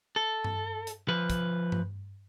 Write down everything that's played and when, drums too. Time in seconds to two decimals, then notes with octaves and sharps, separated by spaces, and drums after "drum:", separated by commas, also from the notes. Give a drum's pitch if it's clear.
0.16 A4
0.44 drum: tom G2
0.87 drum: hi-hat
1.08 F3 B4
1.30 drum: kick, hi-hat
1.72 drum: tom G2